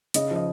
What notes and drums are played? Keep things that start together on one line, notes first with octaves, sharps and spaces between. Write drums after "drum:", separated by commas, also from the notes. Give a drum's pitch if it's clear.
C#3 D#5, drum: hi-hat
F3 D#5